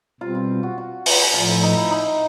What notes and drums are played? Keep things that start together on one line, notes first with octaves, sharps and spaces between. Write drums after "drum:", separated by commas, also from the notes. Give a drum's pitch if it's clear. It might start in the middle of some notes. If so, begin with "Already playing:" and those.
B2 G3 C4 F4
F4
F#4
F#4
F4, drum: open hi-hat
A2 F3 A3 F4
E4
D#4
E4
D#4